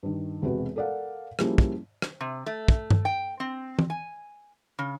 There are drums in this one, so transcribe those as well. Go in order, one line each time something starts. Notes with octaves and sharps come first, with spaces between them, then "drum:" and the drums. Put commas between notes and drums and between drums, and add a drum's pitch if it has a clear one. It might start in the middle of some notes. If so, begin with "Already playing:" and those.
G2 D#3
E1 C3 F#4 B4
A4 A#4 D5 F5 F#5
F3 G3 A#3 C#4 E4 G#4, drum: rim click
drum: kick
drum: rim click
C3
A3
drum: kick
drum: tom G2
G5
C4
drum: tom E3
G#5
C#3